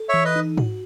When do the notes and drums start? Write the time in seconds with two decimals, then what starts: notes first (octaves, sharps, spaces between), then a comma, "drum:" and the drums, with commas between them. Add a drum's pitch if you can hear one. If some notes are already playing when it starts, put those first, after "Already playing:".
Already playing: A4
0.09 E3 C#5 E5
0.25 B4 D#5
0.36 D#4
0.57 F#4, drum: tom G#2